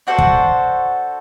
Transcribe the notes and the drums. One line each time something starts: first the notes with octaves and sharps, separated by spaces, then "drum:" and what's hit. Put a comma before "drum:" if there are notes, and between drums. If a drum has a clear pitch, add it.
D4 F#4 A4 C5
drum: kick